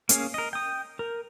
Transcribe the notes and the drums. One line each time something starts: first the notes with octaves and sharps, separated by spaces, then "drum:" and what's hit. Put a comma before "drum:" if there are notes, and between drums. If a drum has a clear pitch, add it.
A#3 C#4 G#4 F5, drum: hi-hat
A#4 D#5
G5 D#6
A#4